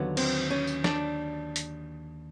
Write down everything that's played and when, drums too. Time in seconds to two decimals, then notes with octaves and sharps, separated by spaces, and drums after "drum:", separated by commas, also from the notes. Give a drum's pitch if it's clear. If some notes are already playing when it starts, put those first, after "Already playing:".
Already playing: D#2 D3 F#3 B3
0.17 C4, drum: cymbal
0.51 C#4
0.67 drum: tambourine
0.84 D4, drum: snare
1.56 drum: hi-hat